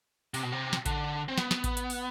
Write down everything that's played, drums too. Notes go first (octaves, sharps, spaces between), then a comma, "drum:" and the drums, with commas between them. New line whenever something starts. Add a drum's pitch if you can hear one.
C3, drum: open hi-hat
B2
C3
drum: snare
D3, drum: kick A1, hi-hat
C4
B3, drum: snare
drum: snare
drum: kick A1, hi-hat
drum: hi-hat
drum: open hi-hat